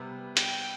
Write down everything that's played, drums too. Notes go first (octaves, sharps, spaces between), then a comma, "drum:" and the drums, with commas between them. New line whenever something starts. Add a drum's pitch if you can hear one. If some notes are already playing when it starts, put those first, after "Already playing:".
Already playing: C3 G3 B3
G5, drum: hi-hat